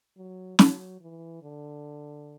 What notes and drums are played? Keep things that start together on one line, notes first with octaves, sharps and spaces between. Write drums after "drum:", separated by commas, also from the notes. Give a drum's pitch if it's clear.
F#3
F#3, drum: snare
E3
D3